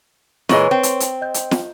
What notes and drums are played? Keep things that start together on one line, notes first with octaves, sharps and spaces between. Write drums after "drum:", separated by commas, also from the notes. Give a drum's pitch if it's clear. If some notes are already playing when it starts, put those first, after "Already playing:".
A#2 E3 G#3 B4 C#5 C#6, drum: snare
C4
drum: hi-hat
drum: hi-hat
D#5 G6
drum: hi-hat
drum: snare